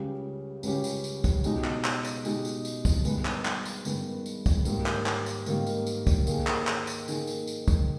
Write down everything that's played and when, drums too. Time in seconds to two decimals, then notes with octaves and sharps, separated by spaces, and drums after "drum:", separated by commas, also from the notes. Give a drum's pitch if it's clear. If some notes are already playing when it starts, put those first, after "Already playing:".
Already playing: C#2 C#3 G3 C#4 G4
0.63 C#2 C#3 G3 C#4 G4, drum: tambourine
0.84 drum: tambourine
1.04 drum: tambourine
1.24 drum: kick, tambourine
1.44 B2 G#3 D#4 G4, drum: tambourine
1.64 drum: clap
1.84 drum: clap
2.05 drum: tambourine
2.25 B2 G#3 D#4 G4, drum: tambourine
2.45 drum: tambourine
2.65 drum: tambourine
2.85 drum: kick, tambourine
3.05 G2 D#3 G#3 B3, drum: tambourine
3.25 drum: clap
3.45 drum: clap
3.65 drum: tambourine
3.85 G2 D#3 G#3 B3, drum: tambourine
4.26 drum: tambourine
4.46 drum: kick, tambourine
4.65 G#2 D#3 G3 A#3, drum: tambourine
4.86 drum: clap
5.06 drum: clap
5.26 drum: tambourine
5.46 G#2 D#3 G3 A#3, drum: tambourine
5.67 drum: tambourine
5.87 drum: tambourine
6.07 drum: kick, tambourine
6.27 D#3 A#3 D#4 G#4, drum: tambourine
6.47 drum: clap
6.67 drum: clap
6.87 drum: tambourine
7.08 D#3 A#3 D#4 G#4, drum: tambourine
7.27 drum: tambourine
7.47 drum: tambourine
7.68 drum: kick, tambourine